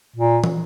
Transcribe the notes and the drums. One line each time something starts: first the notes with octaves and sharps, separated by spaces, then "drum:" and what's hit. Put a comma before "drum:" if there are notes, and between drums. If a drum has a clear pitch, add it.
A#2
drum: tom